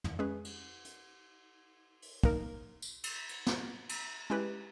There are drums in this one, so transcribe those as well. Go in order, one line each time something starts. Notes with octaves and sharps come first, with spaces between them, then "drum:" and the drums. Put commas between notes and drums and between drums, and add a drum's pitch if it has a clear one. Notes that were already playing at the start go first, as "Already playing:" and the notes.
drum: tom
G#3 C#4 G#4 B4
drum: cymbal
drum: hi-hat
drum: open hi-hat
A#3 D#4 A#4, drum: kick
drum: tambourine
drum: cymbal
drum: cymbal
drum: snare
drum: cymbal
G#3 C#4 E4 G4 B4